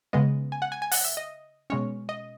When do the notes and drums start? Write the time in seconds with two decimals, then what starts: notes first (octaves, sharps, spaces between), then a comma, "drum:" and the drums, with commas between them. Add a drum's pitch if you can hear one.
0.13 C#3 G#3 B3 D#5
0.52 G#5
0.62 F#5
0.72 G#5
0.82 G#5
0.92 F#5, drum: open hi-hat
1.05 E5
1.17 D#5
1.70 B2 G#3 C#4 C#5
2.09 D#5